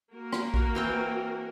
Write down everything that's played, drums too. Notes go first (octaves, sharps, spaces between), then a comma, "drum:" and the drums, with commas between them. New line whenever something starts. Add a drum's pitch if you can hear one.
A#3 F#4 A#4
drum: rim click
drum: kick A#1
E3 C4 G5